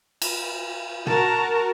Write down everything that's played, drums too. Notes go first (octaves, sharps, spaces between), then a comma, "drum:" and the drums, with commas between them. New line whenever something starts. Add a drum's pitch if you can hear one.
drum: cymbal
F#4 A#4 A5 A#5, drum: tom